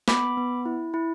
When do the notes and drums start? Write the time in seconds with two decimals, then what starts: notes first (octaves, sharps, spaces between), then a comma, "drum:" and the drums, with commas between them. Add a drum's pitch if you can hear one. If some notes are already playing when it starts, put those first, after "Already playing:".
0.08 B3 B5 D6, drum: snare
0.37 B3
0.66 E4
0.94 E4